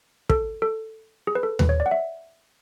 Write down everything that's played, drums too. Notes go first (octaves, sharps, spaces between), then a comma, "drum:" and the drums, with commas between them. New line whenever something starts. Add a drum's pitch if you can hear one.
A4, drum: kick
A4
G#4
B4
A4
B4, drum: tom D#2
C#5
D5
F#5
E5